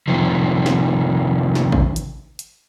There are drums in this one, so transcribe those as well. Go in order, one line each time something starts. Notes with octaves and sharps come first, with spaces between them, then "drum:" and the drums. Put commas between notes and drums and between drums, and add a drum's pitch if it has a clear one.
C3 D#3 F3
drum: snare
drum: snare
drum: kick A1
drum: hi-hat
drum: hi-hat